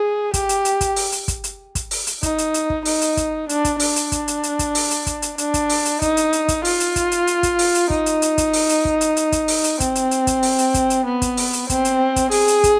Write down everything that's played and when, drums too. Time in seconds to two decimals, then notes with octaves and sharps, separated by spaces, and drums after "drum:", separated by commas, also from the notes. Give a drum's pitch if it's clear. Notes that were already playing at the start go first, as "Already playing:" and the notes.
Already playing: G#4
0.34 G4, drum: kick, hi-hat
0.49 drum: hi-hat
0.65 drum: hi-hat
0.81 drum: kick, hi-hat
0.96 drum: open hi-hat
1.12 drum: hi-hat
1.28 drum: kick, hi-hat
1.44 drum: hi-hat
1.75 drum: kick, hi-hat
1.91 drum: open hi-hat
2.07 drum: hi-hat
2.23 D#4, drum: kick, hi-hat
2.38 drum: hi-hat
2.54 drum: hi-hat
2.70 drum: kick
2.85 D#4, drum: open hi-hat
3.01 drum: hi-hat
3.17 drum: kick, hi-hat
3.49 D4, drum: hi-hat
3.65 drum: kick, hi-hat
3.80 D4, drum: open hi-hat
3.96 drum: hi-hat
4.12 drum: kick, hi-hat
4.28 drum: hi-hat
4.43 drum: hi-hat
4.59 drum: kick, hi-hat
4.75 drum: open hi-hat
4.91 drum: hi-hat
5.06 drum: kick, hi-hat
5.22 drum: hi-hat
5.38 D4, drum: hi-hat
5.54 drum: kick, hi-hat
5.70 drum: open hi-hat
5.85 drum: hi-hat
6.02 D#4, drum: kick, hi-hat
6.17 drum: hi-hat
6.33 drum: hi-hat
6.48 drum: kick, hi-hat
6.65 F4, drum: open hi-hat
6.80 drum: hi-hat
6.96 drum: kick, hi-hat
7.12 drum: hi-hat
7.27 drum: hi-hat
7.43 drum: kick, hi-hat
7.59 drum: open hi-hat
7.75 drum: hi-hat
7.90 D#4, drum: kick
8.06 drum: hi-hat
8.22 drum: hi-hat
8.38 drum: kick, hi-hat
8.53 drum: open hi-hat
8.69 drum: hi-hat
8.85 drum: kick
9.01 drum: hi-hat
9.17 drum: hi-hat
9.32 drum: kick, hi-hat
9.48 drum: open hi-hat
9.64 drum: hi-hat
9.80 C4, drum: kick, hi-hat
9.95 drum: hi-hat
10.11 drum: hi-hat
10.27 drum: kick, hi-hat
10.43 drum: open hi-hat
10.59 drum: hi-hat
10.74 drum: kick, hi-hat
10.90 drum: hi-hat
11.06 B3
11.22 drum: kick, hi-hat
11.37 drum: open hi-hat
11.53 drum: hi-hat
11.70 C4, drum: kick, hi-hat
11.85 drum: hi-hat
12.16 drum: kick, hi-hat
12.31 G#4, drum: open hi-hat
12.48 drum: hi-hat
12.64 drum: kick, hi-hat